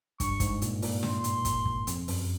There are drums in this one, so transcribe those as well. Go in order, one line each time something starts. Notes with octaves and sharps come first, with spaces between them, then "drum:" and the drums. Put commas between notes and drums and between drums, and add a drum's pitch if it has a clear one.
G2 C#6, drum: kick, hi-hat
G#2, drum: kick, hi-hat
A#2, drum: hi-hat
A#2, drum: open hi-hat
C6, drum: snare
drum: hi-hat
drum: kick, hi-hat
drum: kick
F2, drum: hi-hat
F#2, drum: open hi-hat